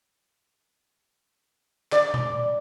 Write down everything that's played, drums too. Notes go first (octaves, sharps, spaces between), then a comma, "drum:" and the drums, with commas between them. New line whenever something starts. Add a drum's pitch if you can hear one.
D5, drum: clap
drum: tom A#2